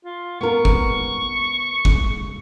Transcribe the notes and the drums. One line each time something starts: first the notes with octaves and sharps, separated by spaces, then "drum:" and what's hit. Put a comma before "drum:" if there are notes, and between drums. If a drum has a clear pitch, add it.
F4
B3 A#4 C#6
drum: kick
drum: kick